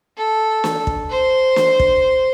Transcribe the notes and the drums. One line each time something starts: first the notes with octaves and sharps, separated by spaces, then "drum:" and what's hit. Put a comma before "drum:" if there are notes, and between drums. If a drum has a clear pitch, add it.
A4
drum: snare
drum: kick
C5
drum: snare
drum: kick